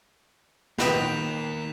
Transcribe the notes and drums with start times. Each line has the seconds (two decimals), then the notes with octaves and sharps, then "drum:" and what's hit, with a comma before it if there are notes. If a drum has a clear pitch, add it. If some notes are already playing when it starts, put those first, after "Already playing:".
0.78 D#3 A#3 B4 D#5 G5 B6 E7 F7, drum: snare